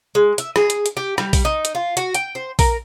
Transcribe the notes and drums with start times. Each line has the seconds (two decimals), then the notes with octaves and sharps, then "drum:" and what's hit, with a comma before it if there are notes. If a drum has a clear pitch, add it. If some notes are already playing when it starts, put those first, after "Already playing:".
0.15 G#3
0.38 E5, drum: hi-hat
0.56 G#4, drum: rim click
0.70 drum: hi-hat
0.86 drum: hi-hat
0.97 G4
1.18 G3, drum: rim click
1.33 drum: kick A#1, open hi-hat
1.45 D#4
1.65 drum: hi-hat
1.75 F4
1.97 F#4, drum: hi-hat
2.14 G5, drum: hi-hat
2.35 C5
2.59 A#4, drum: kick A#1, open hi-hat